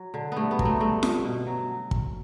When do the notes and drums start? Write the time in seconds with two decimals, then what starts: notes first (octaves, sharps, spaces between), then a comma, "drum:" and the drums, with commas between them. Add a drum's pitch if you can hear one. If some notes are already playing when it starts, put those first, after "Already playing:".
Already playing: F#3
0.14 D3
0.32 G2 A3 B3
0.51 B3
0.59 F#3, drum: kick
0.65 A3
0.80 G2 A3
1.03 G2, drum: snare F4
1.25 B2
1.47 F#3
1.91 drum: kick